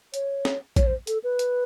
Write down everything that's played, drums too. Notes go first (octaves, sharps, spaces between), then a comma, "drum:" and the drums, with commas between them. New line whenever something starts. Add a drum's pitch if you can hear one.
C#5, drum: hi-hat
drum: snare
C#5, drum: kick A#1, hi-hat
C5
A4, drum: hi-hat
B4
drum: hi-hat